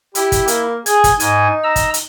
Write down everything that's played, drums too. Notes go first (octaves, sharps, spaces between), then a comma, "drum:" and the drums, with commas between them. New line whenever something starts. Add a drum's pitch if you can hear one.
E4 G4, drum: hi-hat
drum: kick, hi-hat
A#3, drum: hi-hat
G#4 G#6, drum: hi-hat
drum: kick, hi-hat
G#2 D#4 G#5, drum: hi-hat
A#5 E6
drum: kick, hi-hat
drum: hi-hat